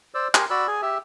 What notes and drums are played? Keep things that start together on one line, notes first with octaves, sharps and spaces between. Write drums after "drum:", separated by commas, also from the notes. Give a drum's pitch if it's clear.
C5 D5 E6
G4 A#4 G#5 C6, drum: clap
F#4 D5 B5 E6
G#4 G#5
G4 E5